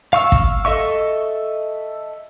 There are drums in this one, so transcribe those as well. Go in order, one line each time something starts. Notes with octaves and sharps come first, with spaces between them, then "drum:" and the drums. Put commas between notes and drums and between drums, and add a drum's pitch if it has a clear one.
F5 C#6 E6
drum: kick
A4 D#5 E5 C#6